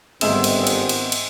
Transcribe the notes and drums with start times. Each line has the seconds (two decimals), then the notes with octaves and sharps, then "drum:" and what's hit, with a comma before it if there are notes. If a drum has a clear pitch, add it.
0.21 G1 G#2 D#3 G#3 B3 C4 E5 E7, drum: cymbal
0.44 drum: cymbal
0.67 drum: cymbal
0.89 drum: cymbal
1.12 drum: cymbal